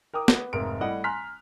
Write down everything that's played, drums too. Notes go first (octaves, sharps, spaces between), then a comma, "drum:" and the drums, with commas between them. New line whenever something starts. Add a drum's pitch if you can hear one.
A#4 G5 D6 D#6
B3, drum: snare
F1 G#2 A#4 B4 D7
G3 A3 E4 D#5 F#5
G#5 A#5 C6 F6 F#6 B6